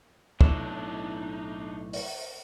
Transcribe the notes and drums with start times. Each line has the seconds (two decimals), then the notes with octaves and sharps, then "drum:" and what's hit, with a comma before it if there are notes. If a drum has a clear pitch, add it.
0.41 B1 A2 D4 D#4, drum: kick
1.93 drum: open hi-hat